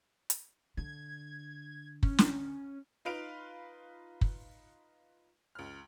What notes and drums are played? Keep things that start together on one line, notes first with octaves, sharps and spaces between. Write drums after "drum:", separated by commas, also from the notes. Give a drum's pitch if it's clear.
drum: hi-hat
D3 G#6
C#4, drum: kick
drum: snare
D#4 F4 B4 F6 D7 F7
drum: kick
C#2 F6